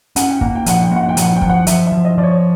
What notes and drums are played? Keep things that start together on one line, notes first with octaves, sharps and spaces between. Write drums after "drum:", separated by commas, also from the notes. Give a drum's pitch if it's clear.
C#4 F#5, drum: hi-hat
G5
A#3 F#5, drum: kick
G5
F3 F#5, drum: hi-hat
G5
A#3 F#5
G5
F3, drum: hi-hat
F#5
G5
F3, drum: kick
F#5
F3 E5, drum: hi-hat
E5
F3
D#5
F3 D5
C#5